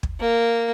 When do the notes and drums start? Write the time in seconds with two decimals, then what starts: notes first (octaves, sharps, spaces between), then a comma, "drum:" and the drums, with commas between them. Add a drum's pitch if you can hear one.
0.03 drum: kick
0.21 A#3